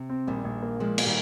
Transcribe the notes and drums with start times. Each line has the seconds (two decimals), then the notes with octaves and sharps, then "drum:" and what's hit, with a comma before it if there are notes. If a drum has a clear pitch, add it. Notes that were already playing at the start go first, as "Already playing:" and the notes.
Already playing: C3
0.09 C4
0.27 A#1 D#3 G3
0.44 A#1
0.62 A#3
0.80 A#2 F3 G#3
0.98 A#2, drum: cymbal
1.06 D#3 G3